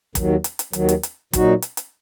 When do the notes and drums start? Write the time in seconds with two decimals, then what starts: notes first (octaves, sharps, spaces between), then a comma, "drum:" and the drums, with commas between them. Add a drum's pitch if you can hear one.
0.15 D#2 D#3 F#3, drum: kick, hi-hat
0.44 drum: hi-hat
0.59 drum: hi-hat
0.73 D#2 D#3 F#3, drum: hi-hat
0.89 drum: hi-hat
1.03 drum: hi-hat
1.33 A#2 F#3 D#4 F#4, drum: kick, hi-hat
1.62 drum: hi-hat
1.77 drum: hi-hat